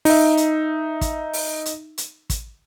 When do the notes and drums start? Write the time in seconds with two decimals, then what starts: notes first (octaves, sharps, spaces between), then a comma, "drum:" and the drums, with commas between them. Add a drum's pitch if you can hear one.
0.05 D#4 E5, drum: open hi-hat
0.37 drum: hi-hat
1.01 drum: kick, hi-hat
1.33 drum: open hi-hat
1.65 drum: hi-hat
1.98 drum: hi-hat
2.30 drum: kick, hi-hat